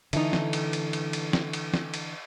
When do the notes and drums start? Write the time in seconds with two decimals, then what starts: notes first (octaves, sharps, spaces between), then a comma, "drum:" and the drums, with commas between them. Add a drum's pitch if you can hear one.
0.13 D3 E3 A3 D#4, drum: cymbal
0.33 drum: snare
0.53 drum: cymbal
0.73 drum: cymbal
0.93 drum: cymbal
1.13 drum: cymbal
1.33 drum: snare
1.53 drum: cymbal
1.74 drum: snare
1.94 drum: cymbal